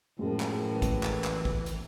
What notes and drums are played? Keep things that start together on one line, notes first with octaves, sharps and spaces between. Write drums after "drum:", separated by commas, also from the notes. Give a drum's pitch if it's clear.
F#2 A2 F3 G#3 A#3
drum: clap
E3
drum: kick A1, hi-hat
drum: clap
drum: clap
drum: kick A1
drum: hi-hat